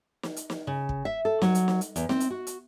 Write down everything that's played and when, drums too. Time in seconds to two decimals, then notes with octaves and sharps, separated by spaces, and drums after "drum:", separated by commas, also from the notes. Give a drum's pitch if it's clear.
0.23 drum: snare
0.36 drum: hi-hat
0.50 drum: snare
0.67 C#3
0.89 drum: kick
1.05 E5
1.25 A4
1.42 F#3, drum: snare
1.55 drum: hi-hat
1.68 drum: snare
1.81 drum: hi-hat
1.96 E2, drum: hi-hat
2.09 C4, drum: snare
2.20 drum: hi-hat
2.30 F#4
2.47 drum: hi-hat